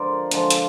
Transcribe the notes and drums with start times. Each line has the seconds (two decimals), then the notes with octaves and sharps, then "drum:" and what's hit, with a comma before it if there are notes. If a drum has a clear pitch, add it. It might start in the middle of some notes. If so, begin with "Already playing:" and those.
Already playing: D3 F3 G#3 A#4 C5 D5
0.31 D3 F3 G#3, drum: hi-hat
0.50 drum: hi-hat